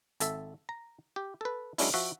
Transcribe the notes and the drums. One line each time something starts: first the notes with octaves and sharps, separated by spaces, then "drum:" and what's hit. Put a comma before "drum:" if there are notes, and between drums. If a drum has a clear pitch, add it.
G#1 A4 E5, drum: hi-hat
A#5
G4
A4 B4
F#3 G#3 C#4 D4 E4, drum: open hi-hat
F3 F#4 E5